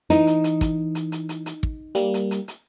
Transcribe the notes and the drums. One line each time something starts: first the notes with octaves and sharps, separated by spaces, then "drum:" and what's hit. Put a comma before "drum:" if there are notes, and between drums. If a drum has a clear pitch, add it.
E3 D#4, drum: hi-hat
drum: hi-hat
drum: hi-hat
drum: kick, hi-hat
drum: hi-hat
drum: hi-hat
drum: hi-hat
drum: hi-hat
drum: kick
G3 A#3, drum: hi-hat
drum: hi-hat
drum: hi-hat
drum: hi-hat